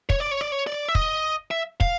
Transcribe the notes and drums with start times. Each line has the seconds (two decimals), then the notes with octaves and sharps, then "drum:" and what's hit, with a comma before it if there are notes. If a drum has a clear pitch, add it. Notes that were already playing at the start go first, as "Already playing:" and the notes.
0.10 C#5, drum: kick
0.20 D5
0.31 C#5
0.41 D5
0.52 C#5
0.67 D5
0.89 E5
0.95 D#5, drum: kick
1.51 E5
1.80 F5, drum: kick